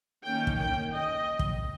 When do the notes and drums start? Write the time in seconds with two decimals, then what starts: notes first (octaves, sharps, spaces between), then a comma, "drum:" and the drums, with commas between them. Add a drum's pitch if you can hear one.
0.23 D#3 A#3 C#4 G5
0.47 drum: kick
0.58 G5
0.93 D#5
1.39 drum: kick